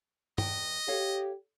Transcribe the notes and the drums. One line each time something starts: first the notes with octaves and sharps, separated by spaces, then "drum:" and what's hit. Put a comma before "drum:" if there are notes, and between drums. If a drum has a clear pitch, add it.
E2 D#5 G5, drum: tom
G4 A4 C#5 F5